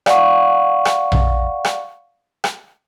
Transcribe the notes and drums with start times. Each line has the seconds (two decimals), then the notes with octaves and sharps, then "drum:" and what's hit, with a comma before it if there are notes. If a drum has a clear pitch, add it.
0.06 D5 F5 F#5 C#6, drum: rim click
0.85 drum: rim click
1.12 drum: tom A#1
1.65 drum: rim click
2.44 drum: rim click